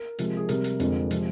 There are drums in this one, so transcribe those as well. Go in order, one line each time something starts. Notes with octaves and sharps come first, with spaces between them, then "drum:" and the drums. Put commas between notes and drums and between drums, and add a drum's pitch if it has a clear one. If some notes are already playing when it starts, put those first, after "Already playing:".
Already playing: A#4
C3 F3 G#3, drum: hi-hat
G#4
C3 G3 A#4, drum: hi-hat
drum: hi-hat
F2 D3 F3 G#3, drum: hi-hat
C3 F3 G#3, drum: hi-hat